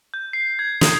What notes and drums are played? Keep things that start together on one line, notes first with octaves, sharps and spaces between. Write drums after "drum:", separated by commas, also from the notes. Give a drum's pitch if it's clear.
G6
C7
G#6
D#6, drum: snare